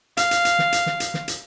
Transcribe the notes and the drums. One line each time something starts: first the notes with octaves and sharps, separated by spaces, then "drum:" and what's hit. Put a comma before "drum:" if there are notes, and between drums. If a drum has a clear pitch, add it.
F5, drum: hi-hat
drum: hi-hat
drum: hi-hat
drum: snare
drum: hi-hat
drum: snare
drum: hi-hat
drum: snare
drum: hi-hat